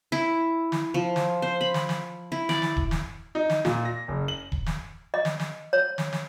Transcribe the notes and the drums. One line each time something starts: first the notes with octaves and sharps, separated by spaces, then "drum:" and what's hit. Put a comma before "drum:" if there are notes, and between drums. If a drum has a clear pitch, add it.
E4
drum: snare
F3
drum: snare
C5
B5
drum: snare
drum: snare
E4
D5, drum: snare
drum: snare
drum: kick D#1
drum: snare
D#4
drum: snare
A#2, drum: snare
A#6
F#1
F#7
drum: kick D#1
drum: snare
D#5
drum: snare
drum: snare
C#5
drum: snare
drum: snare